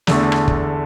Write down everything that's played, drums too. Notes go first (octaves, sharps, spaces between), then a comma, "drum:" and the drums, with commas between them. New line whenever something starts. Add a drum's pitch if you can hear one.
E2 D3 A3, drum: snare
drum: rim click
drum: kick